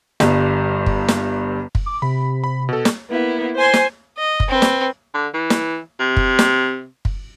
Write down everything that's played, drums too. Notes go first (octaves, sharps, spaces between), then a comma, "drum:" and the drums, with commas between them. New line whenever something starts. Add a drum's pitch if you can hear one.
G1 G2, drum: snare
drum: kick
drum: snare
drum: kick
D6
C3 B5
B5
B2 A4
drum: snare
A#3 B3 E4
C5 G#5 C6
drum: snare
D#5
drum: kick
C4 B4
drum: snare
D3
E3
drum: snare
C3
drum: kick
drum: snare
drum: kick